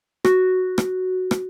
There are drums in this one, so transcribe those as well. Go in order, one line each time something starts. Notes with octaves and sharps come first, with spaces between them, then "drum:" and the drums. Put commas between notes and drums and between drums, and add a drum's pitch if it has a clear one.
F#4, drum: rim click
drum: rim click
drum: rim click